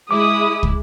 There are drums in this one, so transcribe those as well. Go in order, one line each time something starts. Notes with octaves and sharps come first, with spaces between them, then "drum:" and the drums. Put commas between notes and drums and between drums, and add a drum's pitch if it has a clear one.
G#3 E4 D6 D#6
drum: kick